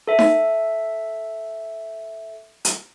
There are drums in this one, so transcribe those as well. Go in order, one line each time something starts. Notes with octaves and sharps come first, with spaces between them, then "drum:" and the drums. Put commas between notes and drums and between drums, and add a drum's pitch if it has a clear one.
A4 E5
drum: snare D#4
drum: hi-hat